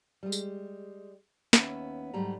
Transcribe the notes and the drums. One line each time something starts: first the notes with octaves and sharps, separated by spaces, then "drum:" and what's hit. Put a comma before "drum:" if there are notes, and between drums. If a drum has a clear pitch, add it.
G3 G#3
drum: tambourine
D#2 B3 C#4 E5, drum: snare
G#2 F#3 G3 A3 A#5